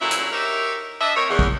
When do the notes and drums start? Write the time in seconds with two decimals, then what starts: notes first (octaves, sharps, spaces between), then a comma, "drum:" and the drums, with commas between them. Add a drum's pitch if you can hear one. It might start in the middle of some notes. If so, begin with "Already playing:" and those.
0.01 A#2 F#3 C#4 E4 A4 E5
0.11 drum: hi-hat
0.32 D#4 G4 A#4 C#5 E5
1.00 D4 D#5 E5
1.15 A2 C4 A#4 C#5
1.29 E2
1.39 drum: kick